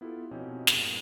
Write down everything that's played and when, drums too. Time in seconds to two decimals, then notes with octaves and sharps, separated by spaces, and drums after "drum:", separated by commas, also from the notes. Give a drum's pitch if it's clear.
0.01 B3 E4 F4 G4 A4
0.31 B2 F3 C4 C#4 D#4 G4
0.67 E2 G2 A#2, drum: snare